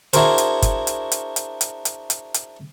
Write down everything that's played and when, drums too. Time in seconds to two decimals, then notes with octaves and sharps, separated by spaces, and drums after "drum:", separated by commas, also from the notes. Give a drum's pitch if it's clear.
0.13 D4 E4 F#4 G#4 A#4 C5, drum: hi-hat
0.38 drum: hi-hat
0.62 drum: kick G1, hi-hat
0.87 drum: hi-hat
1.12 drum: hi-hat
1.36 drum: hi-hat
1.61 drum: hi-hat
1.85 drum: hi-hat
2.10 drum: hi-hat
2.34 drum: hi-hat